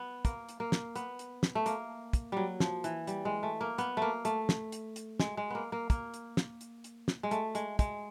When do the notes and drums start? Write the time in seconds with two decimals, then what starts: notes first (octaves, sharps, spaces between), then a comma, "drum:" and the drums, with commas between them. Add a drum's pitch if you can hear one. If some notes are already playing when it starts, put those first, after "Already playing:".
Already playing: B3
0.25 A#3, drum: kick, hi-hat
0.49 drum: hi-hat
0.60 A#3
0.72 drum: snare
0.95 B3, drum: hi-hat
1.19 drum: hi-hat
1.43 drum: snare
1.55 A3
1.66 A#3, drum: hi-hat
2.13 drum: kick, hi-hat
2.32 F#3 G3
2.60 F3, drum: snare
2.84 E3, drum: hi-hat
3.07 G3, drum: hi-hat
3.25 G#3
3.43 A3
3.61 A#3
3.78 B3, drum: hi-hat
3.97 A3 A#3
4.25 A3, drum: hi-hat
4.49 drum: snare
4.72 drum: hi-hat
4.96 drum: hi-hat
5.20 G#3, drum: snare
5.37 G#3
5.50 A#3 B3
5.72 A#3
5.90 A#3, drum: kick, hi-hat
6.14 drum: hi-hat
6.37 drum: snare
6.61 drum: hi-hat
6.84 drum: hi-hat
7.08 drum: snare
7.23 G#3
7.31 A3, drum: hi-hat
7.55 G#3, drum: hi-hat
7.79 G#3, drum: kick, hi-hat